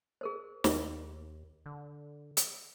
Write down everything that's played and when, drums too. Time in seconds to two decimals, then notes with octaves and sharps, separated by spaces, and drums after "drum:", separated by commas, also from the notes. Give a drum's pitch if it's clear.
0.21 G#4 A#4 C5
0.64 D#2, drum: snare
1.66 D3
2.37 drum: hi-hat